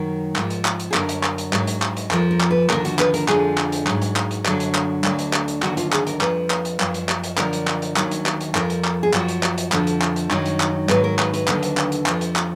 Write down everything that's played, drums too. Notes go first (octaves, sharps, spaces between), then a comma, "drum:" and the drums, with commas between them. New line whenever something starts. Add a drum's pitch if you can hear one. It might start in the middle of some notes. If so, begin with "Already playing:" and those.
Already playing: F#2 D#3 F#3 A#4
G#2 F3, drum: clap
drum: hi-hat
drum: clap
drum: hi-hat
G#4
F#2 D3 F#3 A#4, drum: clap
drum: hi-hat
drum: clap
drum: hi-hat
G#2 F#3, drum: clap
drum: hi-hat
drum: clap
drum: hi-hat
F2 F3 A#4, drum: clap
A#4
drum: clap
B4
D#2 D3 F3 A#4, drum: clap
F#4, drum: hi-hat
B4, drum: clap
A#4, drum: hi-hat
F2 D3 F3 G#4, drum: clap
drum: clap
drum: hi-hat
G#2 F#3, drum: clap
drum: hi-hat
drum: clap
drum: hi-hat
F#2 D3 F#3, drum: clap
drum: hi-hat
drum: clap
D2 D3 F#3, drum: clap
drum: hi-hat
drum: clap
drum: hi-hat
D#2 D3 F#3 F#4, drum: clap
F4, drum: hi-hat
G#4, drum: clap
A#4, drum: hi-hat
F2 F3 B4, drum: clap
drum: clap
drum: hi-hat
F#2 F3, drum: clap
drum: hi-hat
drum: clap
drum: hi-hat
F#2 D3 F3 A#4, drum: clap
drum: hi-hat
drum: clap
drum: hi-hat
D#2 D#3 F#3, drum: clap
drum: hi-hat
drum: clap
drum: hi-hat
F2 F3 A#4, drum: clap
drum: hi-hat
drum: clap
G#4
F#2 F3 F#4, drum: clap
drum: hi-hat
drum: clap
drum: hi-hat
F2 D3 F3, drum: clap
drum: hi-hat
drum: clap
drum: hi-hat
F#2 D#3 F#3 D#4, drum: clap
drum: hi-hat
drum: clap
G#2 D#3 F#3 B4, drum: clap
A#4
B4, drum: clap
B4, drum: hi-hat
D#2 D3 F#3, drum: clap
drum: hi-hat
drum: clap
drum: hi-hat
F2, drum: clap
F3
drum: hi-hat
drum: clap